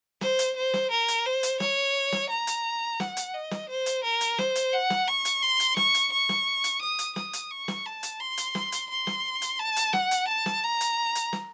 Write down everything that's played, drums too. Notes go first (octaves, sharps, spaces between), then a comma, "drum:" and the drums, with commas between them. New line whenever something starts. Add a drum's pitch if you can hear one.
C5, drum: snare
drum: hi-hat
C5
drum: snare
A#4
drum: hi-hat
C5
drum: hi-hat
C#5, drum: snare
drum: snare
A#5
drum: hi-hat
F#5, drum: snare
drum: hi-hat
D#5
drum: snare
C5
drum: hi-hat
A#4
drum: hi-hat
C5, drum: snare
drum: hi-hat
F#5
drum: snare
C#6
drum: hi-hat
C6
drum: hi-hat
C#6, drum: snare
drum: hi-hat
C#6
drum: snare
drum: hi-hat
D#6
drum: hi-hat
D#6, drum: snare
drum: hi-hat
C#6
drum: snare
A5
drum: hi-hat
C6
drum: hi-hat
drum: snare
drum: hi-hat
C6
drum: snare
drum: hi-hat
A5
drum: hi-hat
F#5, drum: snare
drum: hi-hat
A5
drum: snare
A#5
drum: hi-hat
drum: hi-hat
drum: snare